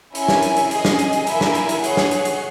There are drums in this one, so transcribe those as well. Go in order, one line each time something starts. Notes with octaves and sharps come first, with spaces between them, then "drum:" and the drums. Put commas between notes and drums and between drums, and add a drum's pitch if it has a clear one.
C#4 E4 A#4 E5 G#5, drum: hi-hat
drum: snare
drum: hi-hat
drum: hi-hat
C#4 G#4 D#5 G#5, drum: hi-hat
drum: snare
drum: hi-hat
drum: hi-hat
A#3 E4 A#4 E5 G#5, drum: hi-hat
drum: snare
drum: hi-hat
drum: hi-hat
G#4 C#5 F#5, drum: hi-hat
drum: snare
drum: hi-hat
drum: hi-hat